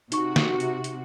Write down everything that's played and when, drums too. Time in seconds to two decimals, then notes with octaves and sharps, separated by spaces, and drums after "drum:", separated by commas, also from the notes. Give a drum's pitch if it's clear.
0.12 C3 D#4 F#4 C#6, drum: hi-hat
0.36 drum: snare
0.60 drum: hi-hat
0.84 drum: hi-hat